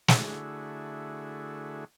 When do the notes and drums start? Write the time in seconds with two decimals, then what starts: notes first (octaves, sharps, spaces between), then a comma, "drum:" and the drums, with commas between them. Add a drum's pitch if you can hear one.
0.08 D3 A3 E4 F#4 G#4, drum: snare